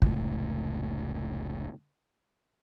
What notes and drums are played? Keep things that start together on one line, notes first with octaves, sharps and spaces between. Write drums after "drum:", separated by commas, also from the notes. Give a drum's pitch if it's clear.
F1 C#2 A2, drum: kick